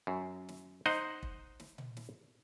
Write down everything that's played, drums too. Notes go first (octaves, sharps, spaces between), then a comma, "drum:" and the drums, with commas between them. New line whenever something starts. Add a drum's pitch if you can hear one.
F#2
drum: snare
D#4 C5 D#5 F#5, drum: snare
drum: kick
drum: snare
drum: tom A#2
drum: snare